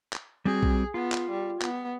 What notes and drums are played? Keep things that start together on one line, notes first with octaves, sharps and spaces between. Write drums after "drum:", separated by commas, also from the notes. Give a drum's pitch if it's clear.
drum: clap
G3 C4 F#4 G#4
drum: kick B1
B3 F4
drum: clap
G3
B3, drum: clap